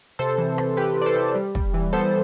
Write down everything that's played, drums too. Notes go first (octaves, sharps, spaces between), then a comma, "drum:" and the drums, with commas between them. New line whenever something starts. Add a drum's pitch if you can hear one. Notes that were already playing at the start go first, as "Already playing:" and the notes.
C3 A4 C5
E3
E3, drum: rim click
E3 G4 B4
C3
D5
A4 C5
C3
G3
G3, drum: kick
E3
B3 A4 C5